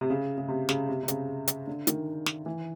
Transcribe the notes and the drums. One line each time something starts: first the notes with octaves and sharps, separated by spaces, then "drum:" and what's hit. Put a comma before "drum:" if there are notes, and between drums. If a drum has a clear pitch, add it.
C3
C#3
C#3
C3
C#3, drum: snare
C3
C3
C#3, drum: hi-hat
drum: hi-hat
D3
D#3, drum: hi-hat
drum: snare
E3